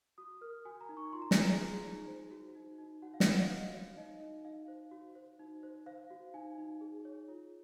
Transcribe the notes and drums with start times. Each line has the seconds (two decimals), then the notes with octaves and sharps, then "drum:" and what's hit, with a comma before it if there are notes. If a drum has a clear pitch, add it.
0.18 F#4 D#6
0.41 A#4 F6
0.65 F#4 G#5
0.81 A#5
0.89 D#4
0.97 C#6
1.13 F4 C6
1.22 A#5
1.31 G#5, drum: snare
1.36 G#4 A#5
1.60 G#4
1.84 D#4
2.08 C5
2.31 F#4
2.55 D#4
2.78 D#4
3.02 F#4 F#5
3.14 F5
3.20 F#5, drum: snare
3.26 C5 F5
3.38 D#5
3.49 C#5 F5
3.73 F#4
3.97 D#4 D#5
4.21 D#4
4.44 D#4 F5
4.68 C5
4.92 F#4
5.15 C5
5.39 D#4
5.63 C5
5.86 C5 F5
6.10 F#4
6.34 D#4 G#5
6.58 D#4
6.81 G#4
7.05 C#5
7.28 F4